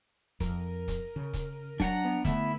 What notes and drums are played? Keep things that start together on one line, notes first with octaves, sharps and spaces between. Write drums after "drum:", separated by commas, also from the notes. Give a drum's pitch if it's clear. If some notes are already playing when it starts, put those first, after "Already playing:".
F2 A#4, drum: kick, hi-hat
drum: kick, hi-hat
C#3
drum: kick, hi-hat
F#3 D4 F#5 A#5, drum: kick, hi-hat
B3
D3 A3 E4 E5, drum: kick, hi-hat